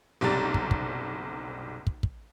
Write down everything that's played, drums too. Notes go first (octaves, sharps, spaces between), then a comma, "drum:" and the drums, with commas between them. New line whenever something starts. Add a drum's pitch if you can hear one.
F#1 B1 C3 G3 A#5 A6
drum: kick
drum: kick
drum: kick
drum: kick